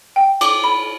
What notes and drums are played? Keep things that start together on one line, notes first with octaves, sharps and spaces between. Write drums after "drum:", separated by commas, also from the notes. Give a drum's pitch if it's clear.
G5
D6, drum: cymbal
B5